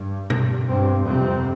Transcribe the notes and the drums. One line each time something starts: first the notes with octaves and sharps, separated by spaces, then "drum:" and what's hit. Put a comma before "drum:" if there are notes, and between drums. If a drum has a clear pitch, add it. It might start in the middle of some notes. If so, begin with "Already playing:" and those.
Already playing: G2
G2, drum: tom B2
G2 C4
F2 C3 C4